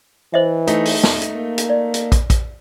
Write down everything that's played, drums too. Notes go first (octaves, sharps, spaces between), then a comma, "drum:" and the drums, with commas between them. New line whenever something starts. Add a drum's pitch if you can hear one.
E3 C5 D#5 E5
A3 D#4, drum: hi-hat
drum: open hi-hat
drum: snare
drum: hi-hat
A#3
drum: hi-hat
D5
drum: hi-hat
drum: kick, hi-hat
drum: kick, hi-hat